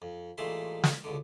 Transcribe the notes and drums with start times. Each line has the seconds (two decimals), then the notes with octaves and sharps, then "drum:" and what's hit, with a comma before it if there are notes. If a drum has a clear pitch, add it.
0.02 F2
0.38 A1 A#2 G#3 A3 E5 C6
0.84 drum: snare
1.04 C#2 B2 D3